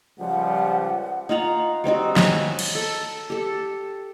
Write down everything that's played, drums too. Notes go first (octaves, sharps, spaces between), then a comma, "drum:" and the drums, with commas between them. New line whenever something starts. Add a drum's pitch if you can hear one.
C#2 F3 G3 F#5
D#4 F4 F#5 A#5
G3 C4 D#4 F#4
C#5 G#5, drum: snare
drum: cymbal
A4
G4 A4